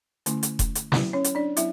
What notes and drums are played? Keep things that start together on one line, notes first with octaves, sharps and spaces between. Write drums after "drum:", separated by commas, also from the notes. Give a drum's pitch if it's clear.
D3 A3 C#4 E4, drum: hi-hat
drum: hi-hat
drum: kick E1, hi-hat
drum: hi-hat
F#3 B3 E4, drum: snare
C#4 C#5
drum: hi-hat
D4 D5
F#3 B3 E4 E5, drum: hi-hat